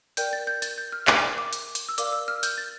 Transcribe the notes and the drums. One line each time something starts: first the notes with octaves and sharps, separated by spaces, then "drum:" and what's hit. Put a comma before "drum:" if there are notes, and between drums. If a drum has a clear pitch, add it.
A#4 D5 G5 G6, drum: hi-hat
A6
G6
A6, drum: hi-hat
G6
F6
A#4 E5 G5 D6, drum: clap
D6
drum: hi-hat
drum: hi-hat
E6
A#4 D5 F5 D6, drum: hi-hat
E6
F6
G6, drum: hi-hat
A6